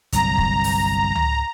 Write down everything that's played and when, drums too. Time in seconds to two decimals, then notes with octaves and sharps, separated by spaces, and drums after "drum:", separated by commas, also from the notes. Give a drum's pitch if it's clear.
0.12 G1 C2 F#3 A#5, drum: hi-hat
0.38 drum: kick
0.64 drum: open hi-hat
1.15 drum: tom C#2